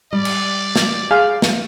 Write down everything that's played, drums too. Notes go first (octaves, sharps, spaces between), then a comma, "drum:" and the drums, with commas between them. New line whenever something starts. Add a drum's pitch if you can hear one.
G3 D5
drum: cymbal
drum: snare
G#4 F5
drum: snare